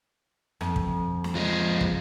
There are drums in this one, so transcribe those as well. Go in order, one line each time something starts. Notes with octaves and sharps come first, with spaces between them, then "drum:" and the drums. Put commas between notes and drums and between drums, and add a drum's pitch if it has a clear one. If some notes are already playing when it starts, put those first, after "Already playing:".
F2, drum: rim click
drum: kick
drum: snare
F3 G#3
drum: kick